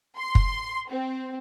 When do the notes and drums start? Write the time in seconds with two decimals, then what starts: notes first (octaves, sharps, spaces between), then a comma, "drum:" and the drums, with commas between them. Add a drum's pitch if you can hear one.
0.19 C6
0.35 drum: kick
0.90 C4